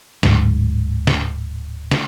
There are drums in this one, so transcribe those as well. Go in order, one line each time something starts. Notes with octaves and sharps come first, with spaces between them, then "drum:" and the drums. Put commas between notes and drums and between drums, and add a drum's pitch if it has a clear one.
D1 G#2, drum: snare
drum: snare
drum: snare